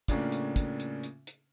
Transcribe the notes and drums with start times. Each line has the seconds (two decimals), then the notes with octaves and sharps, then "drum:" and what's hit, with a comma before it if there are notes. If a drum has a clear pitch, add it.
0.08 A2 C#3 A#3 C#4 D4 F4, drum: kick, hi-hat
0.32 drum: hi-hat
0.56 drum: kick, hi-hat
0.80 drum: hi-hat
1.04 drum: hi-hat
1.27 drum: hi-hat